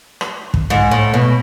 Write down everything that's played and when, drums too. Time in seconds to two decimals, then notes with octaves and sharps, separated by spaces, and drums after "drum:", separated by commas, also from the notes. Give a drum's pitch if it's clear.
0.21 drum: rim click
0.54 drum: kick
0.70 G#2
0.91 A2
1.14 B2